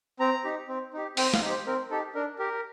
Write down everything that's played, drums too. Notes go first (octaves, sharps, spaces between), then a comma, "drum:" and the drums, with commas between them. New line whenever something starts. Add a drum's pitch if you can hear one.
C4 A#5
D#4 G4
C4
D#4 G4
C4 G5, drum: open hi-hat
F5, drum: snare
D#4 G4
C5
C4 A#4
D#4 G4 A4
D4 A#4
G4 A#4